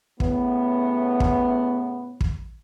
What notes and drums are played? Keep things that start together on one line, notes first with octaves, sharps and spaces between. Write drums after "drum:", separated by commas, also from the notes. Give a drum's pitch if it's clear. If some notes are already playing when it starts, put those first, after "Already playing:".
A2 C#3 B3, drum: kick
drum: kick
drum: kick